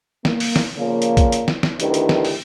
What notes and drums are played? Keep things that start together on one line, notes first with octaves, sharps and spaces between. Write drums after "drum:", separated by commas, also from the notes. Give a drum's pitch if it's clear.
A#3, drum: snare
drum: open hi-hat
drum: snare
A#2 C#3 F3 A#3
drum: hi-hat
drum: kick, hi-hat
drum: hi-hat
drum: snare
drum: snare
D2 D#3 D4 E4 G4 B4, drum: hi-hat
drum: hi-hat
drum: snare
drum: open hi-hat